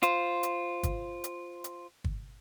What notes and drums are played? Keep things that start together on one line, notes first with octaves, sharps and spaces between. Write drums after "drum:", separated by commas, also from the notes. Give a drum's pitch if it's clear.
F4 C5, drum: hi-hat
drum: hi-hat
drum: kick, hi-hat
drum: hi-hat
drum: hi-hat
drum: kick